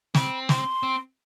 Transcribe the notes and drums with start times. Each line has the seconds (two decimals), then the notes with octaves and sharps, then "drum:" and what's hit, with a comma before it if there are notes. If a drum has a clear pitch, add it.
0.15 C4 B5, drum: snare
0.49 C6, drum: snare
0.83 C4